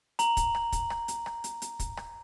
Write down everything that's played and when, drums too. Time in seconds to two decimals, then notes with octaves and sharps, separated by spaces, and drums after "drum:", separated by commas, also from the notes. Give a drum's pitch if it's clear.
0.19 A#5 F#7, drum: hi-hat
0.37 drum: kick, hi-hat
0.55 drum: rim click
0.72 drum: kick, hi-hat
0.90 drum: rim click
1.08 drum: hi-hat
1.26 drum: rim click
1.44 drum: hi-hat
1.62 drum: hi-hat
1.79 drum: kick, hi-hat
1.97 drum: rim click